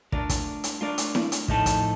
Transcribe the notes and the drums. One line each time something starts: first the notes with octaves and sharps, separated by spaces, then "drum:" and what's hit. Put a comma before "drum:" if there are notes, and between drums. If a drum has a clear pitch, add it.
A3 D4 F4 A#4 D5, drum: kick
drum: kick, hi-hat
drum: hi-hat
A3 D4 F4 A#4 D5
drum: hi-hat
drum: snare E4
drum: hi-hat
A2 F3 A3 D#4 A4, drum: kick
drum: kick, hi-hat